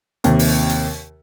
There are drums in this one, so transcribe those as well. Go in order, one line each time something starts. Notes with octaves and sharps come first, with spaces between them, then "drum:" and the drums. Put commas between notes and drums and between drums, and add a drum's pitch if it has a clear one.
D#2 C3, drum: hi-hat
drum: open hi-hat
drum: hi-hat